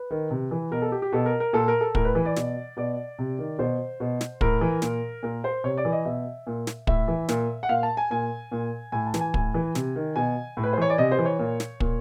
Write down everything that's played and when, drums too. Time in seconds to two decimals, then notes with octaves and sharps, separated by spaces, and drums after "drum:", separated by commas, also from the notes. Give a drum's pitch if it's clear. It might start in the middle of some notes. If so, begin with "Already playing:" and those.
Already playing: B4
0.10 D#3
0.31 C3
0.51 E3
0.71 B2 A#4
0.82 A4
0.92 G4
1.02 G4
1.12 B2 A4
1.26 A#4
1.40 A#4
1.53 A#2 A4
1.68 A#4
1.81 A4
1.95 A2 A#4, drum: kick
2.05 B4
2.15 E3
2.25 D5
2.36 B2, drum: snare
2.77 B2 D5
3.19 C3
3.39 D#3
3.58 B2 C5
4.00 B2
4.21 drum: snare
4.41 A2 A#4, drum: kick
4.61 E3
4.82 A#2, drum: snare
5.23 A#2 A#4
5.44 C5
5.64 C3 C#5
5.77 D5
5.85 E3
5.92 D#5
6.05 B2 E5
6.47 A#2
6.67 drum: snare
6.87 A2 E5, drum: kick
7.08 E3
7.29 A#2, drum: snare
7.63 F#5
7.69 A#2 F5
7.83 A5
7.97 G#5
8.11 A#2 G#5
8.52 A#2
8.92 A2 G#5
9.07 A5
9.14 E3, drum: snare
9.21 G#5
9.34 A2 G#5, drum: kick
9.54 E3
9.75 C3, drum: snare
9.96 D#3
10.16 B2 G#5
10.57 A2
10.63 B4
10.73 C5
10.78 E3 C#5
10.90 D5
10.98 C3 D#5
11.11 C5
11.19 E3
11.25 C#5
11.39 A#2
11.60 drum: snare
11.80 A#2, drum: kick